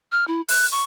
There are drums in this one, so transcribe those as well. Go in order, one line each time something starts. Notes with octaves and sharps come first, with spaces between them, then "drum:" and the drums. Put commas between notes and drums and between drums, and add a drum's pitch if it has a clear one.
F6
E4
F#6, drum: open hi-hat
C#6